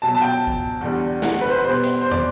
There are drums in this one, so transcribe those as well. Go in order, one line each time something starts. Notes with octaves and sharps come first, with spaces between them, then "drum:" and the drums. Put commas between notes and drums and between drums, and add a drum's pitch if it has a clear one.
B2 F#3 A5
A5
G5
drum: kick
E2 D3 G3
F#5, drum: snare
B4
C5
B4
B2 G3 C5
B4
drum: hi-hat
C5
D5, drum: tom